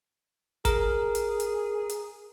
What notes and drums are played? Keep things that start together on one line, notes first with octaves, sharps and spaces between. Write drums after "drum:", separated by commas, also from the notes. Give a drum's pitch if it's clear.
G#4 A#4, drum: kick, hi-hat
drum: hi-hat
drum: hi-hat
drum: hi-hat